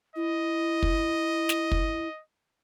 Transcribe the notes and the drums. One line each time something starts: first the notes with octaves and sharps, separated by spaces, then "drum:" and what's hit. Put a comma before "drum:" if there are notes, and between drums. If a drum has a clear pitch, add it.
E4 D#5
drum: kick
drum: snare
drum: kick